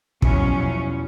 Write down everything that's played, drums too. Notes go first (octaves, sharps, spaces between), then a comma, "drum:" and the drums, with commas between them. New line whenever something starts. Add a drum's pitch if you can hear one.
E2 B2 F3 F#3 C#4, drum: kick